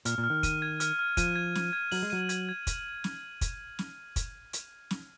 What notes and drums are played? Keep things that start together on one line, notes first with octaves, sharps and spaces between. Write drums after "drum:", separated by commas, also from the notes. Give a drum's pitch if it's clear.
A#2 F6, drum: hi-hat
A#2
F6
D#3
D#7, drum: kick, hi-hat
G#6
F6, drum: hi-hat
F6
F3 D#7, drum: kick, hi-hat
G#6
G#6, drum: snare
G#6
F#3 F#7, drum: open hi-hat
G#3
F#3 D#7
G#6, drum: hi-hat
G#6
drum: kick, hi-hat
drum: snare
drum: kick, hi-hat
drum: snare
drum: kick, hi-hat
drum: hi-hat
drum: snare